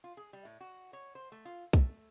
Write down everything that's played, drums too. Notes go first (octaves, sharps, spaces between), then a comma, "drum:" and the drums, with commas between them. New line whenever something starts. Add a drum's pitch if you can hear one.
F4
G#4
G3
A2
F#4
C#5
C5
A3
F4
A3, drum: kick